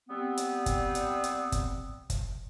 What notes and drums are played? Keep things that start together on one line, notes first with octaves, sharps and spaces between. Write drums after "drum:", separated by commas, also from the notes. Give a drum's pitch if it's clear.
G3 B3 C4
drum: hi-hat
drum: kick, hi-hat
drum: hi-hat
drum: hi-hat
drum: kick, hi-hat
drum: kick, hi-hat